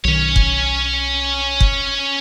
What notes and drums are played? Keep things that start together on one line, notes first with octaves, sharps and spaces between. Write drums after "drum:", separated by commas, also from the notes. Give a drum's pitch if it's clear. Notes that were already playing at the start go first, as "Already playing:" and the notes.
B1 D#3 C#4 C#5
drum: kick F#1
drum: kick F#1